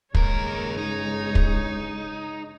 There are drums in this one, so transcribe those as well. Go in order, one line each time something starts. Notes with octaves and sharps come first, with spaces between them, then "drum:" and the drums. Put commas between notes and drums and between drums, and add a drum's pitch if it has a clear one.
G1 D#2 C#3 G#3 A#4 C#5, drum: kick
D#4
drum: kick